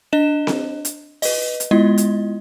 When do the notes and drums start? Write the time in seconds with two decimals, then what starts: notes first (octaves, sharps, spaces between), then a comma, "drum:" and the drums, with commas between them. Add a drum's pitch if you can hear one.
0.12 D4 D#5 E7
0.47 drum: snare C4
0.85 drum: hi-hat
1.22 B4 D#5, drum: open hi-hat
1.60 drum: hi-hat
1.71 G#3 B3 E4 F4 D#5
1.98 drum: hi-hat